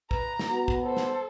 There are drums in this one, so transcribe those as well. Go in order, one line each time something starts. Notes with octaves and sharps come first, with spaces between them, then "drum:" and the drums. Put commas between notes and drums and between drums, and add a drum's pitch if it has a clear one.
B4 A#5, drum: kick
drum: snare
B3 F#4
drum: kick
A4 C5
drum: snare